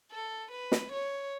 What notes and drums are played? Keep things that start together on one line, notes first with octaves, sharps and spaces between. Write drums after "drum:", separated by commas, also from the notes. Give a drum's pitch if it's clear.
A4
B4
drum: snare
C#5